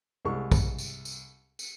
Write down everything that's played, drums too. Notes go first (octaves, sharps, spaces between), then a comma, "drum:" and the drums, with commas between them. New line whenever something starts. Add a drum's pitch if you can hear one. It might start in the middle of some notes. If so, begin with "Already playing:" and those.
C2 G#3 C#6
drum: kick, tambourine
drum: tambourine
drum: tambourine
drum: tambourine